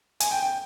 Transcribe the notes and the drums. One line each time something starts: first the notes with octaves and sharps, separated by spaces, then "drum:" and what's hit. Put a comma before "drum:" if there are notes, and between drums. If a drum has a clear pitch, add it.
G#5, drum: hi-hat
G5
G5